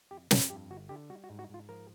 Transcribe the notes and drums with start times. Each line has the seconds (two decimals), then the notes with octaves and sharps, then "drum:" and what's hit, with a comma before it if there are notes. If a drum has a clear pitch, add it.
0.11 F2 G4
0.31 F2 G4, drum: snare
0.50 G2 G4
0.70 G1 F#4
0.89 D3 G4
1.10 G3 F#4
1.24 F#4
1.30 G#2
1.39 F#4
1.49 G#2 F4
1.69 F3 A#4